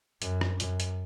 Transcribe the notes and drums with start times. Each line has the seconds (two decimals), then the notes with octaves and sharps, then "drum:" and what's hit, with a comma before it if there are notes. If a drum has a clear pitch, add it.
0.22 F#2, drum: hi-hat
0.41 drum: rim click
0.60 F#2, drum: hi-hat
0.80 drum: hi-hat